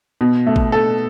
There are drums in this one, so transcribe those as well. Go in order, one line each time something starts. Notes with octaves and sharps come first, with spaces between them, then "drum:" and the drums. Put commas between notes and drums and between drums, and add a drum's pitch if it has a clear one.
B2
A3
drum: kick
A4